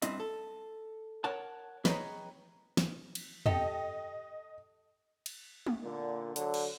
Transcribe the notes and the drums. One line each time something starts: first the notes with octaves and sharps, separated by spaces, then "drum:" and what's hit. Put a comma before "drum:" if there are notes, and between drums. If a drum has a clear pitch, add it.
G2 C4 E4 D#5, drum: hi-hat
A4
A#4 C#5 F#5 A5
G#4 B4 C#5 D#5 G5 A#5, drum: snare
drum: snare
drum: cymbal
G4 A4 D#5, drum: tom E2
drum: cymbal
drum: tom G#3
A#2 D3
D3 F#3, drum: hi-hat
drum: cymbal